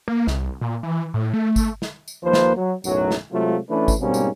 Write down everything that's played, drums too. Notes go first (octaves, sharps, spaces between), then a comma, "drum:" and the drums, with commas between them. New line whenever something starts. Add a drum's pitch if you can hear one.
A#3
C2, drum: snare
A#2
E3
A2
A3
drum: kick G#1, tambourine
drum: snare
drum: tambourine
D#2 F3 A#3 B4 C5
drum: snare
F#3
B1 F#2 A2 F#3, drum: tambourine
drum: snare
C3 F#3 G#3 A3 F4
E3 A3 C#4 D4 B4
drum: kick G#1, tambourine
G#2 B2 G3 A#3 C4 C#4
drum: tambourine